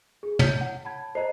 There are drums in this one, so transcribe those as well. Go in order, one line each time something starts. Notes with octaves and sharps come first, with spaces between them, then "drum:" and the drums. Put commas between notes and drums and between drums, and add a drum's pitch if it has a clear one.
G#4
E4 C#5 G6, drum: tom
F#5
A5 B5 G#6
C5 D#5 A#5 C7